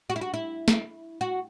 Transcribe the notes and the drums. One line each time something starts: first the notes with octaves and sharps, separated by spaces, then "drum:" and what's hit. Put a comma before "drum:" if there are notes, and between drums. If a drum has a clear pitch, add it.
F#4
E4
F#4
E4
drum: snare
F#4